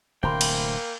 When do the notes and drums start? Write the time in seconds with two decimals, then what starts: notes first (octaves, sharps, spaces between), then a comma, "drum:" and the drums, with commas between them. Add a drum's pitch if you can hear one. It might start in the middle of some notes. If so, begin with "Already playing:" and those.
0.23 D1 D2 C3 A#3 C5 G5 B5 C6
0.41 drum: cymbal